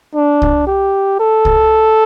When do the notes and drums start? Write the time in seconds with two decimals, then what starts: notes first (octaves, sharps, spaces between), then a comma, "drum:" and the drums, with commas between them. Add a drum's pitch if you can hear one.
0.15 D4
0.42 drum: kick C2
0.67 G4
1.20 A4
1.45 drum: kick C2